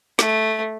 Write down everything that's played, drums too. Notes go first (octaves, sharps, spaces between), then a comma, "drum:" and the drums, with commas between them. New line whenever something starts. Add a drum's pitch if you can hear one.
A3, drum: snare